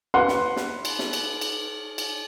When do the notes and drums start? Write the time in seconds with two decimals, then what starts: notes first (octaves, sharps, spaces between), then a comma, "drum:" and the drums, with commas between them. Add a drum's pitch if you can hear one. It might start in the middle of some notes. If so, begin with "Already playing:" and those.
0.14 B4 F#5 C6
0.28 drum: snare
0.56 drum: snare
0.85 drum: cymbal
0.99 drum: snare
1.13 drum: cymbal
1.41 drum: cymbal
1.98 drum: cymbal